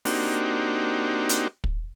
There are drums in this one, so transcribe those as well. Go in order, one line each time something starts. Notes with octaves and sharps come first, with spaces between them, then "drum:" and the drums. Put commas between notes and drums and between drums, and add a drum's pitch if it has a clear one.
A#3 C4 D4 D#4 F#4 G4, drum: open hi-hat
drum: hi-hat
drum: kick